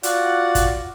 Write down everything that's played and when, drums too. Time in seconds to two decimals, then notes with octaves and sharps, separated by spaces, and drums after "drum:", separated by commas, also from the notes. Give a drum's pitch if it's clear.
0.03 F4 F#4 D5 F#5, drum: hi-hat
0.55 drum: kick G1, hi-hat